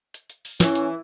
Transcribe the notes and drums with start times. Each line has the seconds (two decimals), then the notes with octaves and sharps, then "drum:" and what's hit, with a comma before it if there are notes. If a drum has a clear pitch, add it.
0.14 drum: hi-hat
0.30 drum: hi-hat
0.45 drum: open hi-hat
0.60 E3 C#4, drum: snare
0.75 drum: hi-hat